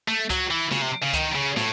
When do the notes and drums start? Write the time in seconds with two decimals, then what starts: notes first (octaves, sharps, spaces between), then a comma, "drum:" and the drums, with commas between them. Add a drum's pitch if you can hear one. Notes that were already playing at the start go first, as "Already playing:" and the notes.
0.08 A3
0.30 F#3, drum: kick C#2, hi-hat
0.50 E3
0.71 C#3, drum: snare
0.82 C3
1.03 C#3
1.13 D#3, drum: kick C#2, hi-hat
1.35 C#3
1.57 A2, drum: snare